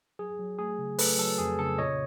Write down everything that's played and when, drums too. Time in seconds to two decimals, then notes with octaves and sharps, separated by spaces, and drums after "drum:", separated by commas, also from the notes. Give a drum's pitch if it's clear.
0.19 F#3 G#4
0.39 F#3
0.58 A3 G#4
0.79 C#3
0.99 A3 A4 B4, drum: open hi-hat
1.18 F#3 A4
1.38 F2 G#4
1.59 C#3 A4
1.78 A#2 C#5 D#5